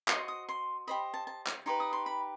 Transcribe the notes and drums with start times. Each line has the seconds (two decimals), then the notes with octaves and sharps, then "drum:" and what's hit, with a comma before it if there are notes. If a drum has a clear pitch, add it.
0.08 F#4 C5 D#5 C6, drum: clap
0.28 D#6
0.49 C6
0.87 G4 C5 D#5 B5
1.14 A5
1.27 A5
1.47 drum: clap
1.66 D#4 G4 B4 C6
1.80 D#6
1.93 C6
2.06 B5